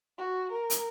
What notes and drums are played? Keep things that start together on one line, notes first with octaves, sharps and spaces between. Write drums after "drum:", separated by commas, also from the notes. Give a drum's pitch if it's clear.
F#4
A#4
drum: hi-hat